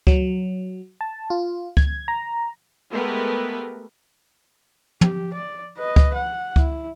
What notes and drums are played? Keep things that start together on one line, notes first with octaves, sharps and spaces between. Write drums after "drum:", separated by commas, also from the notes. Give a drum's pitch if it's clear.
F#3, drum: kick C#2
A5
F4
G#6, drum: kick C#2
A#5
G#3 A3 B3 G4 A#4 B4
G4, drum: tom
D5
B4 D#5
drum: kick C#2
F#5
E4, drum: kick C#2